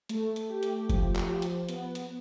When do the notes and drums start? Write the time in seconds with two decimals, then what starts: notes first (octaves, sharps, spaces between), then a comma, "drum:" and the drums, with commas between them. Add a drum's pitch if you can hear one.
0.09 A3, drum: hi-hat
0.36 drum: hi-hat
0.49 G4
0.63 drum: hi-hat
0.90 F3, drum: kick F#1, hi-hat
1.16 drum: clap
1.29 F3
1.42 drum: hi-hat
1.69 B3, drum: hi-hat
1.95 drum: hi-hat